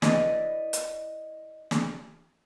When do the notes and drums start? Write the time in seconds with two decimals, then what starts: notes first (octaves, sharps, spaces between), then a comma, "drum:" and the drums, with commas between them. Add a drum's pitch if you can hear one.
0.02 E4 B4 D5 D#5, drum: snare
0.73 drum: hi-hat
1.71 drum: snare